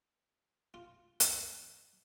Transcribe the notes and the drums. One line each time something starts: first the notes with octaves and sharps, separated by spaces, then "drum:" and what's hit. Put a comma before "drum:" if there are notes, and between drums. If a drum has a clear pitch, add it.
F4
drum: hi-hat